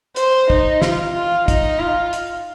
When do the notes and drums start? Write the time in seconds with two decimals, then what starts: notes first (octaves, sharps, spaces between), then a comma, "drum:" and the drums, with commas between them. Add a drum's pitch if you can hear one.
0.16 C5, drum: hi-hat
0.50 D#4, drum: kick
0.82 F4, drum: snare
1.15 F4
1.48 D#4, drum: kick, hi-hat
1.80 F4
2.13 drum: hi-hat